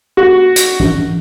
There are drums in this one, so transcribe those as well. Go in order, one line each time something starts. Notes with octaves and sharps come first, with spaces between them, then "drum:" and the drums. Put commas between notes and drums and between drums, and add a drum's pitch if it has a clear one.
F#4
drum: hi-hat
drum: tom